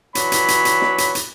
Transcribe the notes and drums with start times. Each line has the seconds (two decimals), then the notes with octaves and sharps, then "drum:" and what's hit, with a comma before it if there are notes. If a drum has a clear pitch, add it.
0.15 E3 F#3 D4 C#5 B5, drum: hi-hat
0.32 drum: hi-hat
0.48 drum: hi-hat
0.65 drum: hi-hat
0.82 drum: snare
0.98 drum: hi-hat
1.15 drum: hi-hat